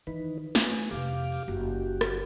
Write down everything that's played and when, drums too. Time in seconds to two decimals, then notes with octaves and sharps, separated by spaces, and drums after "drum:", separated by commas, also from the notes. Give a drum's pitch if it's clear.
0.07 D#3 E3 D#4 B4
0.55 F#3 A3 B4 G#5, drum: snare
0.91 F2 C3 G4 F5 D6
1.32 drum: open hi-hat
1.48 F#1 F#4 G4
2.01 drum: rim click